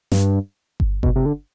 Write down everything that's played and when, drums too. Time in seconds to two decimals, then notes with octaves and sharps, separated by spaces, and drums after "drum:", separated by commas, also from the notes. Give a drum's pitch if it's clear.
0.12 G2, drum: snare
0.80 drum: kick G1
1.03 B2, drum: kick G1
1.16 C3
1.26 D3